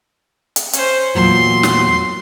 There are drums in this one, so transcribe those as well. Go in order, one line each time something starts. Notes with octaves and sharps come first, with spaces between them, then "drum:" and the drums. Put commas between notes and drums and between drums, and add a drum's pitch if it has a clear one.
drum: hi-hat
C#4 C5, drum: hi-hat
E2 A#2 F#3 C6
drum: snare